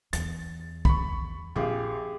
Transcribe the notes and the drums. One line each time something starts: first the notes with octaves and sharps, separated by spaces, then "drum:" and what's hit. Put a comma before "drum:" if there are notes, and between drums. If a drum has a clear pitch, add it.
E2 A6, drum: hi-hat
B5 C#6, drum: kick B1
A#1 C4 G4 G#4 F5